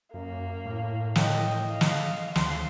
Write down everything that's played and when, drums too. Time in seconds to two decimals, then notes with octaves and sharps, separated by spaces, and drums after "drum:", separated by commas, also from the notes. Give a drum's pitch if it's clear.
0.14 F#2 A#3
0.65 A2
1.15 D#5 G5, drum: snare
1.66 D#5 F5
1.81 drum: snare
2.35 D2 C6, drum: snare